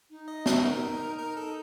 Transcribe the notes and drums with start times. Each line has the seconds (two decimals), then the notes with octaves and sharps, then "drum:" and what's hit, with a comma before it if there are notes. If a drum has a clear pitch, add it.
0.10 D#4
0.28 D#5
0.46 E5, drum: snare
0.64 A#4
1.18 A#4
1.37 A4